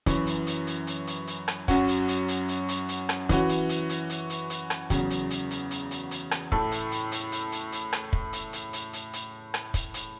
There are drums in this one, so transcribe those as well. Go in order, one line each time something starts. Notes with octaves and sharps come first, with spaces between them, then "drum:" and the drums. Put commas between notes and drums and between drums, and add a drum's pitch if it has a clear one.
F#2 E3 C#4, drum: kick, hi-hat
drum: hi-hat
drum: hi-hat
drum: hi-hat
drum: hi-hat
drum: hi-hat
drum: hi-hat
drum: rim click
F#2 F#3 C#4 F#4, drum: kick, hi-hat
drum: hi-hat
drum: hi-hat
drum: hi-hat
drum: hi-hat
drum: hi-hat
drum: hi-hat
drum: rim click
E3 C#4 F#4, drum: kick, hi-hat
drum: hi-hat
drum: hi-hat
drum: hi-hat
drum: hi-hat
drum: hi-hat
drum: hi-hat
drum: rim click
E2 C#3 F#3, drum: kick, hi-hat
drum: hi-hat
drum: hi-hat
drum: hi-hat
drum: hi-hat
drum: hi-hat
drum: hi-hat
drum: rim click
A2 A3 E4 A4, drum: kick
drum: hi-hat
drum: hi-hat
drum: hi-hat
drum: hi-hat
drum: hi-hat
drum: hi-hat
drum: rim click
drum: kick
drum: hi-hat
drum: hi-hat
drum: hi-hat
drum: hi-hat
drum: hi-hat
drum: rim click
drum: kick, hi-hat
drum: hi-hat